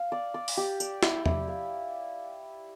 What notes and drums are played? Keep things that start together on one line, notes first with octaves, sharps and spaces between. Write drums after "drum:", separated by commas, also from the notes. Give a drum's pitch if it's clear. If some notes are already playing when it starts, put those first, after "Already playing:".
Already playing: F5
D5
D5
drum: open hi-hat
G4
D5, drum: tambourine
E4, drum: snare
E4, drum: tom
F5